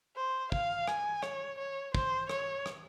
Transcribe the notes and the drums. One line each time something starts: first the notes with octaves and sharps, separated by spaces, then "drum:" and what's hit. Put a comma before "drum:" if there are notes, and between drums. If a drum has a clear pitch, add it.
C5
F5, drum: kick
G#5, drum: rim click
C#5, drum: rim click
C#5
C5, drum: kick
C#5, drum: rim click
drum: rim click